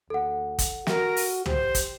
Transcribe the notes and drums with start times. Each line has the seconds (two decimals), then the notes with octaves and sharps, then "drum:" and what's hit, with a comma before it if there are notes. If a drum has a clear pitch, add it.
0.10 D2 A4 F#5
0.59 drum: kick, hi-hat
0.87 F#4 A#4, drum: snare
1.17 drum: open hi-hat
1.46 G4 C5, drum: tom
1.75 drum: kick, hi-hat